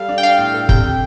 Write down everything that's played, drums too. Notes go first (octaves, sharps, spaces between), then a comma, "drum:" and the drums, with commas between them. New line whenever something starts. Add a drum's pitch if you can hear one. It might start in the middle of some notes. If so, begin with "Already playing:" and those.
Already playing: G3 A4 F5
D4
G5
D4 F5
A2
A4
C3 G5, drum: kick